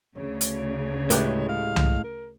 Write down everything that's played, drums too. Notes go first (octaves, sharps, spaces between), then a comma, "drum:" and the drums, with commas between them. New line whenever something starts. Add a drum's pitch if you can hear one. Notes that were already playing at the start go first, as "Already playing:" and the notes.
D2 C#3 C#5
drum: hi-hat
A2 G#3 A3 G4 B4, drum: hi-hat
F5
drum: tom C2
A#4